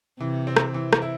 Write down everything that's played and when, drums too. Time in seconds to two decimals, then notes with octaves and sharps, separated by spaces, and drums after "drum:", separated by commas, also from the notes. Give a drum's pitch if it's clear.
0.20 C3 E3
0.47 C4
0.56 drum: rim click
0.74 E3
0.93 drum: rim click
1.02 E4